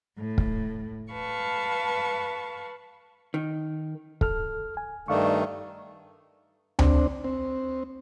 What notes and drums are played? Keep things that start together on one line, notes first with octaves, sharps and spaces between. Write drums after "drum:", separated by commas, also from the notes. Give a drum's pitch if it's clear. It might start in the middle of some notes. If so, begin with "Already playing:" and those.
A2
drum: kick
B4 F5 A5 C#6
D#3
A4 F6, drum: kick
G#5
G2 D#3 A3 D5 F5 C#6
C4 D4, drum: tom D2
C4